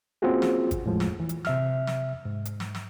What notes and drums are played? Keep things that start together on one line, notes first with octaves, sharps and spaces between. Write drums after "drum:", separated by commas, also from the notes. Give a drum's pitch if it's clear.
A#3 C4 C#4 F4 F#4 G#4
drum: snare
drum: kick G1, hi-hat
E2 A2 F3 G#3
drum: snare
E3
drum: hi-hat
C3 E5 F6, drum: snare
drum: snare
G#2
drum: hi-hat
drum: snare
drum: snare